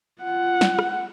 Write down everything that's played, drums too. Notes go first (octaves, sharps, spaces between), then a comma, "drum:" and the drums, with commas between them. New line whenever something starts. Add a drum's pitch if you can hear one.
F4 F#5
drum: snare
drum: rim click